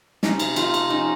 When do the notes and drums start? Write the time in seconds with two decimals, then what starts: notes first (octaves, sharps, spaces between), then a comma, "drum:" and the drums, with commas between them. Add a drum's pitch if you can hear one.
0.23 C3 C#4 D#4, drum: snare
0.40 C3, drum: cymbal
0.56 A3 D#4 F4, drum: cymbal
0.74 C3, drum: cymbal
0.89 F3 C#4 D#4